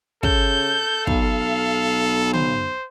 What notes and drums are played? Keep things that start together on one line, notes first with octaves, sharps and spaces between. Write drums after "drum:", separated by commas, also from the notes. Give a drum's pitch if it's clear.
C#3 A4 G6, drum: kick
B1 F5, drum: kick
C5, drum: tom